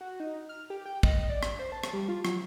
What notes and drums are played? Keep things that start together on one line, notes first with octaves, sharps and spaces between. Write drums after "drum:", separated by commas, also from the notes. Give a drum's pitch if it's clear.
F#4
D#4
F6
G4
G5
D#5, drum: kick
D5
drum: rim click
C5
A5
drum: rim click
G3
F4
F#3, drum: rim click